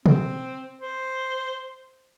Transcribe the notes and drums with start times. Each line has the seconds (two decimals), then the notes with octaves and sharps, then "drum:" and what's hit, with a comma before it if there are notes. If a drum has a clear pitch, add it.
0.06 C4, drum: tom
0.81 C5